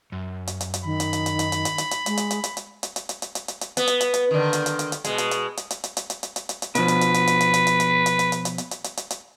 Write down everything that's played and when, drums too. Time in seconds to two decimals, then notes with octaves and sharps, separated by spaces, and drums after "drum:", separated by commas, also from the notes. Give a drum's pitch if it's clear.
0.12 F#2
0.47 drum: hi-hat
0.61 drum: hi-hat
0.74 drum: hi-hat
0.84 D#3 B5
1.00 drum: hi-hat
1.13 drum: hi-hat
1.26 drum: hi-hat
1.39 drum: hi-hat
1.52 drum: hi-hat
1.65 drum: hi-hat
1.78 drum: hi-hat
1.91 drum: hi-hat
2.06 G#3, drum: hi-hat
2.17 drum: hi-hat
2.31 drum: hi-hat
2.44 drum: hi-hat
2.57 drum: hi-hat
2.83 drum: hi-hat
2.96 drum: hi-hat
3.09 drum: hi-hat
3.22 drum: hi-hat
3.35 drum: hi-hat
3.48 drum: hi-hat
3.61 drum: hi-hat
3.77 B3, drum: hi-hat
3.87 drum: hi-hat
4.01 drum: hi-hat
4.14 drum: hi-hat
4.31 D3 D#3
4.53 drum: hi-hat
4.66 drum: hi-hat
4.79 drum: hi-hat
4.92 drum: hi-hat
5.04 B2 G#3, drum: hi-hat
5.18 drum: hi-hat
5.31 drum: hi-hat
5.57 drum: hi-hat
5.70 drum: hi-hat
5.84 drum: hi-hat
5.97 drum: hi-hat
6.10 drum: hi-hat
6.23 drum: hi-hat
6.36 drum: hi-hat
6.49 drum: hi-hat
6.62 drum: hi-hat
6.75 B2 F3 B4, drum: hi-hat
6.88 drum: hi-hat
7.01 drum: hi-hat
7.14 drum: hi-hat
7.27 drum: hi-hat
7.40 drum: hi-hat
7.54 drum: hi-hat
7.67 drum: hi-hat
7.80 drum: hi-hat
8.06 drum: hi-hat
8.19 drum: hi-hat
8.32 drum: hi-hat
8.45 drum: hi-hat
8.58 drum: hi-hat
8.71 drum: hi-hat
8.84 drum: hi-hat
8.97 drum: hi-hat
9.10 drum: hi-hat